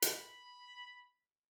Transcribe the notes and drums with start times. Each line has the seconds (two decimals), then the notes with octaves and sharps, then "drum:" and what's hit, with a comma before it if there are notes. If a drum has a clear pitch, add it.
0.02 B5, drum: hi-hat